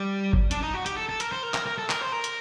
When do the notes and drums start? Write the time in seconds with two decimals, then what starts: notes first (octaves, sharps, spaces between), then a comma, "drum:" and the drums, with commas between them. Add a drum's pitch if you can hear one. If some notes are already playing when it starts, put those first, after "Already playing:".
Already playing: G3
0.33 drum: kick G1
0.51 D4, drum: hi-hat
0.63 D#4
0.74 F#4
0.86 G4, drum: hi-hat
0.97 A4
1.09 A4
1.20 A#4, drum: hi-hat
1.32 C5
1.43 A#4
1.54 A#4, drum: clap
1.66 A#4
1.78 A4
1.90 A#4, drum: clap
2.01 C5
2.12 A#4
2.24 drum: hi-hat